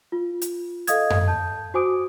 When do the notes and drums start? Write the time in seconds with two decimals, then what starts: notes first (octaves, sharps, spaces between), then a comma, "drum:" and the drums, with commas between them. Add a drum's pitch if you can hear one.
0.12 F4
0.42 drum: hi-hat
0.87 A4 D#5 F5 D#6 G#6, drum: hi-hat
1.10 drum: tom F#2
1.27 A5 G6
1.74 F#4 C5 G#5 D6 D#6 D7